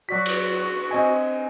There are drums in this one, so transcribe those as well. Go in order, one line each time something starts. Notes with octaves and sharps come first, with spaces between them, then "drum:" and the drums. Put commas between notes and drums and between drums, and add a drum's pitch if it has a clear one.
F#3 F#4 D5 B6
drum: cymbal
C4 D#5 G#5